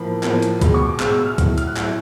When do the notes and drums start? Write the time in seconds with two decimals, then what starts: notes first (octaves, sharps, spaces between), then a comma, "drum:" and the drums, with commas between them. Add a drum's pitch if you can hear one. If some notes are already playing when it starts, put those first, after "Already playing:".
Already playing: A2 F3 A#3 B5
0.23 A2 F3 A#3, drum: clap
0.42 drum: hi-hat
0.61 B2 G#3 B5, drum: kick, hi-hat
0.74 C#6
0.87 D6
1.00 B2 G#3 E6, drum: clap
1.13 E6
1.26 F6
1.38 A2 F#3 A3, drum: kick, hi-hat
1.58 F6, drum: hi-hat
1.67 F#6
1.77 A2 F#3 A3 E6, drum: clap